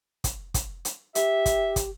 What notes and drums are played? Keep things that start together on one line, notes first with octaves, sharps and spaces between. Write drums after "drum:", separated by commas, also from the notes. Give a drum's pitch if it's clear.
drum: kick, hi-hat
drum: kick, hi-hat
drum: hi-hat
G4 E5, drum: hi-hat
drum: kick, hi-hat
drum: kick, hi-hat